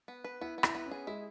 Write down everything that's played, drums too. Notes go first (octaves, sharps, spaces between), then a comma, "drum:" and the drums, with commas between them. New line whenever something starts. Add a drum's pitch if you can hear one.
B3
B4
B3 E4
B3
E4, drum: rim click
B3
C#4
G#4
G#3 E4